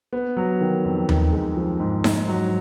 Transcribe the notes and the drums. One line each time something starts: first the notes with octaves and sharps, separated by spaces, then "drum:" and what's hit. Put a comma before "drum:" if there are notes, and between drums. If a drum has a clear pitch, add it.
B3
F#3
D#3
F2
D#4, drum: tom D#2
G#3
F3
G#2
G#2, drum: snare D#4
F#3